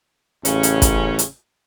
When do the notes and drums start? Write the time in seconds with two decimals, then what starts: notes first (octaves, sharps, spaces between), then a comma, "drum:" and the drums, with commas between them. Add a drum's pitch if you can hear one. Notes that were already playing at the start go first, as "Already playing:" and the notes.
0.45 A1 C#3 C#4, drum: hi-hat
0.63 drum: hi-hat
0.82 drum: kick, hi-hat
1.19 drum: hi-hat